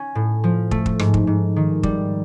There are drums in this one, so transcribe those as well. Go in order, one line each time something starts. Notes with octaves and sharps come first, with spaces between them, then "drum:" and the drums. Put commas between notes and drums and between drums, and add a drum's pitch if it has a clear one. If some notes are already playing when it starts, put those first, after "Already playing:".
Already playing: C#4
A2
F3
A3, drum: kick
drum: kick
G#2, drum: rim click
drum: kick
G#2
D#3
G3, drum: kick